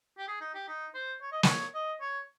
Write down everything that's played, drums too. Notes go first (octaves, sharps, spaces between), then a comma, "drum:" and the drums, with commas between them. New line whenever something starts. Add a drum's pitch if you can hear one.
G4
G#4
D#4
G4
D#4
C5
C#5
D#5
C#5, drum: snare
D#5
C#5